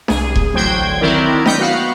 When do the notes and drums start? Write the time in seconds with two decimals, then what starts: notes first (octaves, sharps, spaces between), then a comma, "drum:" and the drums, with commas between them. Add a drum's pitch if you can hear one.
0.08 C2 G#4, drum: snare D4
0.36 drum: kick E1
0.54 A1 D2 F#3 C5 G5 G#6
1.01 D#3 F#3 C4 E4 A#4 D5
1.46 D#5 G5 G6 B6 C#7, drum: snare D4
1.59 B3 F#4 F5 F#5